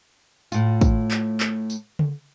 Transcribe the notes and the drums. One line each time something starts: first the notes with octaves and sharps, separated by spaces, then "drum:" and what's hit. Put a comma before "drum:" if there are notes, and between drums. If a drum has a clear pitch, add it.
A2 F4, drum: tambourine
drum: kick, tambourine
drum: clap
drum: clap
drum: tambourine
drum: tom C#3